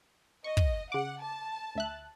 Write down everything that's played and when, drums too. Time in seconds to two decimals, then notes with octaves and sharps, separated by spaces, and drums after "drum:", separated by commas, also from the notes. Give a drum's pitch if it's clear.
0.44 D#5 C#6
0.57 drum: kick
0.92 C#3 F#5 D6
1.21 A5
1.75 D2 E5 F#6